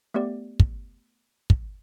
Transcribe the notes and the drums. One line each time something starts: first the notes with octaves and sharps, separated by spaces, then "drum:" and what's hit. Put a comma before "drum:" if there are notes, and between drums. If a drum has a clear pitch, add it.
A3 B3 G4 D5
drum: kick
drum: kick